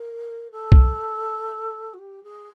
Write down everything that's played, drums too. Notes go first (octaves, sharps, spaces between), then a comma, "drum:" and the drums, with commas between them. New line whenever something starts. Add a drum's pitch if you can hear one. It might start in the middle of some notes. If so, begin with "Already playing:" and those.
Already playing: A#4
A4
drum: kick C2
F#4
G4
G#4